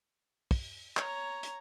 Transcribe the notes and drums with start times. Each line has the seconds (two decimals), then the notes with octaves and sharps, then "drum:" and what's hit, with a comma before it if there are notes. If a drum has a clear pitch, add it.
0.51 drum: kick, open hi-hat
0.97 C#5 A#5, drum: clap
1.43 drum: hi-hat